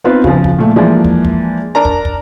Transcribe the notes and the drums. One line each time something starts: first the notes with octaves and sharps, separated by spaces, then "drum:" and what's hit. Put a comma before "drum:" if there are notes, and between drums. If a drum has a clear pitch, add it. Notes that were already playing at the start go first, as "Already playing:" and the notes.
B3 C4 D#4 F4 B4
C#3 F3, drum: kick
drum: kick
A#2 A3
E3 F3 G#3 A#3 D4
drum: kick
drum: kick
D4 A#4 A5 A#5
drum: kick
drum: kick